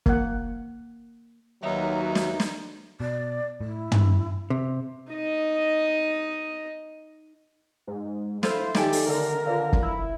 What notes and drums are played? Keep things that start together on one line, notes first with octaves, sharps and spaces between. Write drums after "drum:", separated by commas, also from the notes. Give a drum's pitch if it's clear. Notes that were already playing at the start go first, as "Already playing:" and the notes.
A#3 F#5, drum: kick
D#2 D#3 F#3 B3 D#4 E5
drum: snare
drum: snare
B2 D5
A2 E4
G2, drum: tom
C3
D#4 D#5
G#2
E4 F4 A4 C5, drum: snare
D#3 D#4 G4 A4 D5 E5 G#5, drum: snare
drum: open hi-hat
D3 A#4
D3 F4 B4 F5
drum: kick
E4